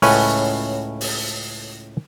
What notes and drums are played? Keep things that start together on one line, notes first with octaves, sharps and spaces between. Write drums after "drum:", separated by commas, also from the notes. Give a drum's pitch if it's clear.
C#2 A2 C#4 B4, drum: open hi-hat
drum: open hi-hat